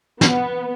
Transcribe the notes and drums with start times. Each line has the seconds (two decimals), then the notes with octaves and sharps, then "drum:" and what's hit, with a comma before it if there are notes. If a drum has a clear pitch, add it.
0.21 B3, drum: snare